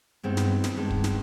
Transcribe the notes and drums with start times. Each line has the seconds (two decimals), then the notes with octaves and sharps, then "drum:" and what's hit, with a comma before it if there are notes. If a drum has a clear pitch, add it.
0.23 G2 D#3 G#3 B3 C4
0.37 drum: snare
0.64 drum: snare
0.76 G2 D#3 G#3 B3
0.90 drum: kick
1.04 drum: snare